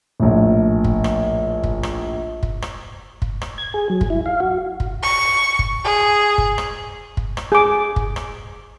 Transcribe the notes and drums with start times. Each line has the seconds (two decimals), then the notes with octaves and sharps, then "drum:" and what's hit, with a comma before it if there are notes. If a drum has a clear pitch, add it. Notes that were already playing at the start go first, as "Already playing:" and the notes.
0.20 A#1 A2
0.84 drum: kick
1.04 drum: rim click
1.64 drum: kick
1.83 drum: rim click
2.43 drum: kick
2.62 drum: rim click
3.22 drum: kick
3.42 drum: rim click
3.58 G#6
3.74 G#4
3.90 F#3
4.01 drum: kick
4.10 E4
4.26 F5
4.40 F#4
4.80 drum: kick
5.03 C#6
5.59 drum: kick
5.84 G#4
6.38 drum: kick
6.58 drum: rim click
7.17 drum: kick
7.37 drum: rim click
7.52 G#4 D6
7.96 drum: kick
8.16 drum: rim click